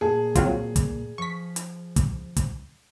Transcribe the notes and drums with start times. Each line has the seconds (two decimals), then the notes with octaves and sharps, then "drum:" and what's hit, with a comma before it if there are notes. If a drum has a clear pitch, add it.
0.01 A#2 G#4 A5
0.35 F#3 C4 F4, drum: kick, hi-hat
0.76 drum: kick, hi-hat
1.18 F3 C#6 B6
1.56 drum: hi-hat
1.96 drum: kick, hi-hat
2.37 drum: kick, hi-hat